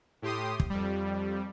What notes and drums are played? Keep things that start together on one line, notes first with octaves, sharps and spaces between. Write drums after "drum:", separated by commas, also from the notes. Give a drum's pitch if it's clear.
A2 G4 C6 D#6
drum: kick
F2 G3